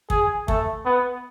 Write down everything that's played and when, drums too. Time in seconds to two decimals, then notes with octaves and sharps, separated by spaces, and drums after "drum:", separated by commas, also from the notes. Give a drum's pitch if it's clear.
0.10 G#4, drum: kick
0.48 A3, drum: kick
0.85 B3